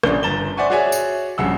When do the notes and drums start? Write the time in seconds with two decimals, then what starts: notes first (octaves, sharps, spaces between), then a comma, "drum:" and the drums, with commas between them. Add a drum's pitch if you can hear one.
0.03 A#1 C#3 D4 G7, drum: rim click
0.23 G1 A#5 A6 E7 G7
0.57 C5 D5 E5 F#5 G#5 C#6
0.70 F#4 G#4 C#5 D5 E5 G#5
0.92 drum: tambourine
1.38 A#1 G2 C#3 F#5 E6